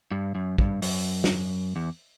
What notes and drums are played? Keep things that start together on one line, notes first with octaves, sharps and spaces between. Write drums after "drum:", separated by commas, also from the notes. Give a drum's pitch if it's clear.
G2
F#2
G2, drum: kick
F#2, drum: open hi-hat
drum: snare
E2